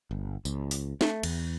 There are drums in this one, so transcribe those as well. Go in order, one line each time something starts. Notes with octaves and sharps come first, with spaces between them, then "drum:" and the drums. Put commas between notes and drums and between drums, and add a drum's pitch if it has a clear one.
G1
C#2, drum: tambourine
drum: open hi-hat
A3, drum: snare
E2, drum: cymbal